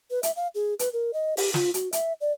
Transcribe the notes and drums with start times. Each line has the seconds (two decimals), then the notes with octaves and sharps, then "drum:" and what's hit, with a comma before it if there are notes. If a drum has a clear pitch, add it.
0.11 B4
0.23 E5, drum: hi-hat
0.36 F5
0.55 G#4
0.79 B4, drum: hi-hat
0.93 A#4
1.13 D#5
1.37 G4, drum: open hi-hat
1.54 F4, drum: snare
1.74 F#4, drum: hi-hat
1.93 E5, drum: hi-hat
2.21 D5